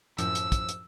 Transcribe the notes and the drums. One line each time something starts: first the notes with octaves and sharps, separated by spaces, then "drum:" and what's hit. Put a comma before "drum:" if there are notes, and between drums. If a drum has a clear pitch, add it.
F#2 A2 F3 E6, drum: hi-hat
drum: hi-hat
drum: kick, hi-hat
drum: hi-hat